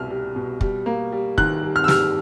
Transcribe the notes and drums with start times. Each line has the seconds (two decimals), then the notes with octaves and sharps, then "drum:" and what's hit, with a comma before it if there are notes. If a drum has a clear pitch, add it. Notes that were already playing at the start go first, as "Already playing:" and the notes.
Already playing: C2 B2 G3 F6
0.10 G3
0.36 B2
0.61 G3, drum: kick
0.86 A#3
1.12 G3
1.38 D#3 F#6, drum: kick
1.63 G3
1.76 F6
1.84 E6
1.88 G3 F6, drum: snare